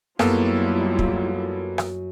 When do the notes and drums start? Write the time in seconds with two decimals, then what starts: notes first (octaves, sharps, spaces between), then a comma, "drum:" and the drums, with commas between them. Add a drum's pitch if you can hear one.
0.19 F#2 G3 A#3 B3 E4 F4 A4, drum: rim click
0.99 drum: kick
1.78 drum: rim click